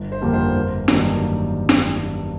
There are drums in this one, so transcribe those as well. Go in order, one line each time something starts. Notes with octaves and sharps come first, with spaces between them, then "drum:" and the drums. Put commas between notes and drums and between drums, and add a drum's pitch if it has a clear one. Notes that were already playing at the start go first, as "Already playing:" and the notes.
Already playing: G1
C5
F2 D3 G3 A#3
C5
G1
G2 D#3 F#3 A#3, drum: snare
drum: snare